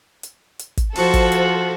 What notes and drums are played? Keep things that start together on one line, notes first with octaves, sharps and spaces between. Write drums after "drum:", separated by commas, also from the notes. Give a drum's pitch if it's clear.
drum: hi-hat
drum: hi-hat
drum: kick, hi-hat
F3 F#4 A4 C5, drum: open hi-hat
drum: kick, hi-hat
drum: hi-hat